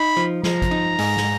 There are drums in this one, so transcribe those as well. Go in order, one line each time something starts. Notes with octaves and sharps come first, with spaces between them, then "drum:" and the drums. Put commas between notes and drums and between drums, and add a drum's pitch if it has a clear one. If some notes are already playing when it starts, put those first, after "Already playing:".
Already playing: D#4 B5
F3
F3 A#5, drum: snare
drum: kick, hi-hat
D#4
G#2, drum: open hi-hat
drum: snare